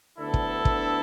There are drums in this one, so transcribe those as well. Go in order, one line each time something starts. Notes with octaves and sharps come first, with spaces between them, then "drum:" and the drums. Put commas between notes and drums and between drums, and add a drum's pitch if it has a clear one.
D2 D3 B3 D4 E4 A4
drum: kick
drum: kick